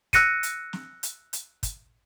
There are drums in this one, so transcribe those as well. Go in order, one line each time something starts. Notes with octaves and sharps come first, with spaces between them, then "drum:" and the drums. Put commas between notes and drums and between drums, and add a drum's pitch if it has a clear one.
E6 F#6 A#6 C#7 D#7, drum: kick, hi-hat
drum: hi-hat
drum: snare
drum: hi-hat
drum: hi-hat
drum: kick, hi-hat